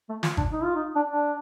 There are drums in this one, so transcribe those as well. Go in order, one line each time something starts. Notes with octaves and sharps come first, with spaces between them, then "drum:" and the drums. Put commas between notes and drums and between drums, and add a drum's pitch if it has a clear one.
A3
F4, drum: snare
D4, drum: kick G#1
D#4
F4
D#4
D4
D4